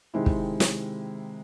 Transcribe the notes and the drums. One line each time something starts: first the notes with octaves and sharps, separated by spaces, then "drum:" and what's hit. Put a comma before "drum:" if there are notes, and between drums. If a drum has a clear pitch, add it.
C3 D#3 G#3 C4 E4
drum: kick
drum: snare